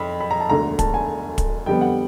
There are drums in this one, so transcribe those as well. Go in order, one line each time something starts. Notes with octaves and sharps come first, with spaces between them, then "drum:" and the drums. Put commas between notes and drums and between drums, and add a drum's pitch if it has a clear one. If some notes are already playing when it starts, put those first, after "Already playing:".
Already playing: F2 B5
B5
A#5
A5
E1 D2 D3 A#5
A5, drum: kick, hi-hat
G#5
drum: kick, hi-hat
F2 D3 G3 B3 G5
F#5